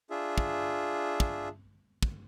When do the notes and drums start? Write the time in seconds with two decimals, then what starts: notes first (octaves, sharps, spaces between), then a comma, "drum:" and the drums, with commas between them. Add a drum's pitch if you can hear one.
0.10 D4 F4 G#4 E5
0.38 drum: kick
1.20 drum: kick
2.03 drum: kick